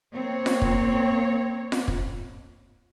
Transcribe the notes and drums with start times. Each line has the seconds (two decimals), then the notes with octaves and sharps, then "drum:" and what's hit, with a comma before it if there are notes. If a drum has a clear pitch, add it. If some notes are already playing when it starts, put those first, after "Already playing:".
0.14 A#3 C4 C#5
0.46 drum: snare F4
0.62 drum: kick
1.72 drum: snare F4
1.88 drum: kick